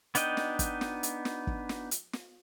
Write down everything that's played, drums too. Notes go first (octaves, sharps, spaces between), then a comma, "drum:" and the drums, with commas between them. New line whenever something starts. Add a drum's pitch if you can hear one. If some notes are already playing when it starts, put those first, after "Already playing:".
B3 D4 D#4 D#5 G5, drum: hi-hat
drum: snare
drum: kick, hi-hat
drum: snare
drum: hi-hat
drum: snare
drum: kick
drum: snare
drum: hi-hat
drum: snare